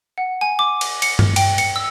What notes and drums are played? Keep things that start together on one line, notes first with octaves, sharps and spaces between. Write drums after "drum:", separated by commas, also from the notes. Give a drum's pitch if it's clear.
F#5
G#5
D6
drum: cymbal
C#7, drum: cymbal
drum: tom G2
G5, drum: cymbal
C#7, drum: cymbal
E6